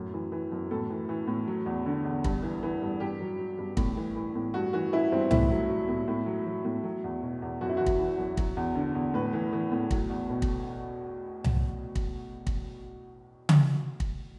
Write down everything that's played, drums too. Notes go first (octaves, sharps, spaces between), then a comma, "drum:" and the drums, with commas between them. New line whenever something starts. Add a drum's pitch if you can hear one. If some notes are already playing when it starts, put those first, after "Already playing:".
Already playing: F#2 A2
E3
E3
F#2
A2 A4
E3
E3
A2
F#3
E2
D3
E2
G2, drum: kick
E3
E3
G2
G2 G4
F#3
F#3
G2
A2, drum: kick
E3
E3
A2
G2 F#4
E3 F#4
E3 E4
G2 C4
A2 E4, drum: tom C2
F#3
F#3
A2
A2
F#3
F#3
A2
F#3
E2
B2
E2
F#2 F#4
E4
E3 F#4
drum: kick
E3
F#2
F#3, drum: kick
E2
D3
E2
A2 B4
E3
E3
A2
F#3, drum: kick
E2
B2
drum: kick
drum: tom C2
drum: kick
drum: kick
drum: tom C#3
drum: kick